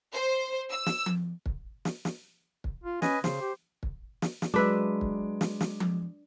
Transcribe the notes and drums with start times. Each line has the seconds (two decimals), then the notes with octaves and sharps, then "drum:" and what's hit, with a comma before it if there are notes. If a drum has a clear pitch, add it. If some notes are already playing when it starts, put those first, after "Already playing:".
0.12 C5
0.70 E6
0.86 drum: snare
1.06 drum: tom F3
1.46 drum: kick
1.85 drum: snare
2.05 drum: snare
2.64 drum: kick
2.84 F4
3.02 C#4 B4 D#5 G#5, drum: snare
3.24 C#3 C5, drum: snare
3.41 G4
3.83 drum: kick
4.22 drum: snare
4.42 drum: snare
4.54 F#3 G#3 D4 B4 E5 D6
5.01 drum: kick
5.41 drum: snare
5.60 drum: snare
5.80 drum: tom F3